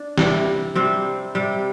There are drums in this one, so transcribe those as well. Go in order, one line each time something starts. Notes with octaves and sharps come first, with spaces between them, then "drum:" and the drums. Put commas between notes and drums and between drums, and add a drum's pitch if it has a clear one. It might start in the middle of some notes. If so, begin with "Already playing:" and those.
Already playing: D4
C3 E3 G3, drum: snare
C3 G3 C4 C5
C3 G3